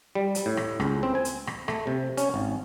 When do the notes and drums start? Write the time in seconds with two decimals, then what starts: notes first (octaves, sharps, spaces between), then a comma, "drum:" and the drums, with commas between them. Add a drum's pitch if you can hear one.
0.15 G3
0.35 drum: hi-hat
0.46 A2
0.57 drum: rim click
0.80 C#2, drum: rim click
1.03 C4
1.15 G#5
1.25 drum: hi-hat
1.47 drum: rim click
1.68 A3, drum: rim click
1.87 C3
2.17 C#4, drum: hi-hat
2.34 G#1